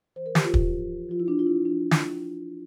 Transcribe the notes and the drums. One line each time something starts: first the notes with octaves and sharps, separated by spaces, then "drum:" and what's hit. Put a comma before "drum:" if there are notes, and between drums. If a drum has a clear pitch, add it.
E3 C5
A#4
E3 G4, drum: snare
F4
F3, drum: kick
F3
F3
F3 F4
E4
F3 D4
F4
F3 E4
F3 D4
drum: snare